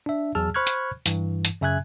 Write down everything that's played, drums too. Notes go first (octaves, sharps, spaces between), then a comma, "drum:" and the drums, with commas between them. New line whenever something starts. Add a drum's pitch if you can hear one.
D4 E5
E2 F#3 G#4 A5 E6 F6
C5 B5 C#6 F6 F#6 G#6
drum: hi-hat
G2 E3, drum: hi-hat
drum: hi-hat
F#2 C#3 E5 G#5 F#6 G#6